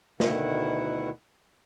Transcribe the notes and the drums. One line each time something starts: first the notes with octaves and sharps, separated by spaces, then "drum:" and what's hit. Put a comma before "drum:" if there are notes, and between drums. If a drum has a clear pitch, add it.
D2 B2 D#3 E4 F#5, drum: snare